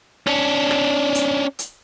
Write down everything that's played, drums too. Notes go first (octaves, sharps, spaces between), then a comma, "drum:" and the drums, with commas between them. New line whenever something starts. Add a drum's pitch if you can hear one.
C#4 D4, drum: rim click
drum: rim click
drum: hi-hat
drum: hi-hat